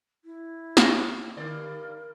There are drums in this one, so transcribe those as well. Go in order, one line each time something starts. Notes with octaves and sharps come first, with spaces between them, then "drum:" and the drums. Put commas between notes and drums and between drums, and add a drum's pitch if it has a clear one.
E4
drum: snare
G2 D3 A#4 D5